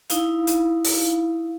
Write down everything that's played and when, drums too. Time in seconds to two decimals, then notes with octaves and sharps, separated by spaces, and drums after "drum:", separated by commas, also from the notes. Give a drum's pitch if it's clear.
0.10 D#4 E4 F5, drum: hi-hat
0.47 drum: hi-hat
0.85 drum: open hi-hat